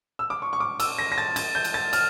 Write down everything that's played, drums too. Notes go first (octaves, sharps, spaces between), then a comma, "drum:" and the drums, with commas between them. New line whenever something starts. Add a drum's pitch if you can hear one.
E6
D6
C#6
C#6
D6
E6, drum: cymbal
A#6
A#6
A6
A6, drum: cymbal
G6
drum: cymbal
A6
F6, drum: cymbal